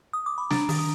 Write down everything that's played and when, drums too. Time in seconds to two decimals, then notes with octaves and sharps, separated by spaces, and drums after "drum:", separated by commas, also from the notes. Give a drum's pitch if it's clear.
0.13 D#6
0.26 D6
0.38 B5
0.50 D4 A#5, drum: snare
0.69 D#3, drum: open hi-hat
0.79 D#6